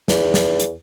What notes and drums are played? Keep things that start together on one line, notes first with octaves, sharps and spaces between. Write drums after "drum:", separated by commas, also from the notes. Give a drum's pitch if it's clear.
E2, drum: snare
drum: snare
drum: hi-hat